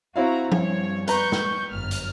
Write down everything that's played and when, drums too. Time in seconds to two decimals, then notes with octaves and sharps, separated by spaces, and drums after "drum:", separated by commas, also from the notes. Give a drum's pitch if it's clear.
0.16 C4 E4 F#4 F5 A#5
0.52 G2 C#5, drum: tom F3
1.08 B4 A#5 C#6 G6, drum: hi-hat
1.32 drum: snare
1.70 G1 F#2 F6
1.91 drum: hi-hat